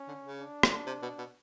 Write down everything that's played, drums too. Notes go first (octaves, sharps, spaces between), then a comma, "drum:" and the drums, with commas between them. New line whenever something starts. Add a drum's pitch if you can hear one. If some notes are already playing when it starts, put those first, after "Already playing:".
Already playing: C#4
D3
C#3
D4
drum: rim click
C3
B2
B2